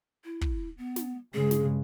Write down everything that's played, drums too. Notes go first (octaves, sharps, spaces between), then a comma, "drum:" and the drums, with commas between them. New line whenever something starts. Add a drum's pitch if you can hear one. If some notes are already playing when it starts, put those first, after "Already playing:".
E4
drum: kick
B3
drum: snare
G2 C#3 G#3 G#4
drum: snare